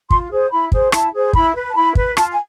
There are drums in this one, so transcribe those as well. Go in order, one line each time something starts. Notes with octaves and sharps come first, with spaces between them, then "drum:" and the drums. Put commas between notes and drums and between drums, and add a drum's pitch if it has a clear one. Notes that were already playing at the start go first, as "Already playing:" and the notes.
F4 C6, drum: kick
G#4 C5
E4 B5
G#4 C5, drum: kick
E4 A5, drum: rim click
G#4 C5
E4 B5, drum: kick
B4
A5
E4 B5
B4, drum: kick
F4 A5, drum: rim click
G#5